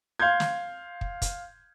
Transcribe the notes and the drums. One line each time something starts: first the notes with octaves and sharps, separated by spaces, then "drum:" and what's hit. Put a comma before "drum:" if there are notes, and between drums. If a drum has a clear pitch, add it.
F5 C6 G6 G#6
drum: snare
drum: kick
drum: kick, hi-hat